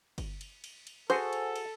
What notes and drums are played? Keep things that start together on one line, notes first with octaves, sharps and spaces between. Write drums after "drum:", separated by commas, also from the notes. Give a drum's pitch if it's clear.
drum: kick G1, cymbal
drum: cymbal
drum: cymbal
drum: cymbal
F#4 G#4 A4 C5, drum: cymbal
drum: cymbal
drum: cymbal